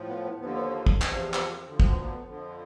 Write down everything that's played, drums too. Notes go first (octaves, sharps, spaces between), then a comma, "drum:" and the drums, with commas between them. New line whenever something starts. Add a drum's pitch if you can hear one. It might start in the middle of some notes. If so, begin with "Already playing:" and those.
Already playing: A2 F3
B3
B3
D#2 D3 F3 B3
B3
A#3
drum: kick
E2 C3 F3 B3, drum: clap
C4
B3, drum: clap
A#3
D2 D3 F3 C4
C4, drum: kick
B3
A#3
B3
F2 D3 F3